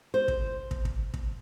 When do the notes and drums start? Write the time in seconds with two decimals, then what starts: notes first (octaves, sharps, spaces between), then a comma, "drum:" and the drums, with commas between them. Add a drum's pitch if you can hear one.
0.14 C5
0.28 drum: kick
0.71 drum: kick
0.85 drum: kick
1.14 drum: kick